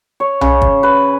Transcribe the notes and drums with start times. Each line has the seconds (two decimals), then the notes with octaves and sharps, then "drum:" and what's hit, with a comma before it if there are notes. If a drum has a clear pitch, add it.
0.20 C#5
0.41 C#3, drum: tom B1
0.62 drum: kick
0.83 B4